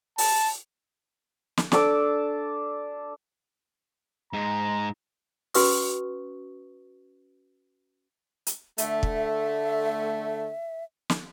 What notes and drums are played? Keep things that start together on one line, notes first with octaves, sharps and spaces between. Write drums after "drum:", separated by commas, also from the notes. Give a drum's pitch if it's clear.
A5, drum: open hi-hat
drum: snare
D4 A4 D6 E6, drum: snare
G#2 G#3 A#5
C#4 F#4 B4 C#6 D#6, drum: open hi-hat
drum: hi-hat
D3 A3 E5, drum: hi-hat
drum: kick
drum: snare